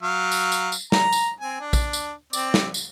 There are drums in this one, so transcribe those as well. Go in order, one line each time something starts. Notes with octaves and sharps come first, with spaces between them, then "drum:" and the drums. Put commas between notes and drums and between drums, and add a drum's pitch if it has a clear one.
F#3 F5
drum: tambourine
drum: tambourine
drum: tambourine
A#5, drum: snare
drum: tambourine
C4 G#5
D4
drum: kick A#1, tambourine
drum: tambourine
C4 D5, drum: tambourine
drum: snare
drum: tambourine